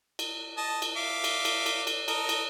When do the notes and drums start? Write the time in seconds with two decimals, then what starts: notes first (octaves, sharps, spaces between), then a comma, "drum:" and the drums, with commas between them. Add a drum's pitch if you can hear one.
0.19 drum: cymbal
0.57 D#5 A5
0.82 drum: cymbal
0.97 E5 F5 D6
1.24 drum: cymbal
1.45 drum: cymbal
1.66 drum: cymbal
1.87 drum: cymbal
2.08 A4 A#4 D#5, drum: cymbal
2.29 drum: cymbal